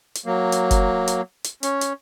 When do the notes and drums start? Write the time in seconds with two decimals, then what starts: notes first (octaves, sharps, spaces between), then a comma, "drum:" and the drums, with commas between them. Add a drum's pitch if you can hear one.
0.15 drum: hi-hat
0.26 F#3 A#3
0.52 drum: hi-hat
0.71 drum: kick F#1, hi-hat
1.07 drum: hi-hat
1.44 drum: hi-hat
1.63 C#4, drum: hi-hat
1.81 drum: hi-hat